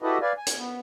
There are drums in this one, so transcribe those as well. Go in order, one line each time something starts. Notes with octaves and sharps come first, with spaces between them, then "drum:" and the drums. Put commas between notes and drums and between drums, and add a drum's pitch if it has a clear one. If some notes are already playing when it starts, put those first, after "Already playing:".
E4 F#4 G4 A4 B4 D#5
B4 D5 F5 G#5
G#5
drum: hi-hat
B3